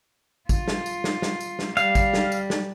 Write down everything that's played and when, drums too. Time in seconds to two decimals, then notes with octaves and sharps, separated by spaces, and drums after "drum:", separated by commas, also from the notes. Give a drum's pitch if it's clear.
0.49 F4, drum: kick G#1, tambourine
0.68 drum: snare
0.86 drum: tambourine
1.04 drum: snare
1.22 drum: snare
1.41 drum: tambourine
1.59 drum: snare
1.77 G3 F5, drum: tambourine
1.95 drum: kick G#1, tambourine
2.14 drum: snare
2.32 drum: tambourine
2.50 drum: snare